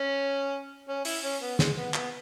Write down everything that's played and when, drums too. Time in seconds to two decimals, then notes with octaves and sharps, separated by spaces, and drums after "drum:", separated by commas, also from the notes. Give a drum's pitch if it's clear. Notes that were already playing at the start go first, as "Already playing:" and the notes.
Already playing: C#4
0.88 C#4
1.05 E4, drum: open hi-hat
1.23 C#4
1.41 B3
1.59 G#3, drum: snare
1.76 B3
1.94 B3, drum: clap